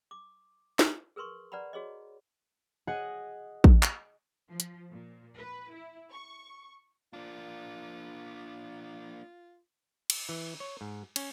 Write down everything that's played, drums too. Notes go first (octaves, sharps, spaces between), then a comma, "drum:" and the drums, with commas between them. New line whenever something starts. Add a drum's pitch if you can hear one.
D6
drum: snare
G#4 A#4 B4 C6 C#6
B4 D5 F#5 A#5 B5
F#4 G#4 C#5 D#5
G#4 D#5 F#5
drum: kick
drum: clap
F3
drum: hi-hat
A#2
B4
E4
C#6
A#3 D4 F4
drum: cymbal
E3
C#5
G#2
C#4, drum: cymbal